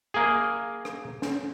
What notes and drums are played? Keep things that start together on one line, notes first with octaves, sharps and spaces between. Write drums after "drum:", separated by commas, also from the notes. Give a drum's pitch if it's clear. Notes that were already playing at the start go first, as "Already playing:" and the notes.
A#3 G#4
drum: rim click
drum: snare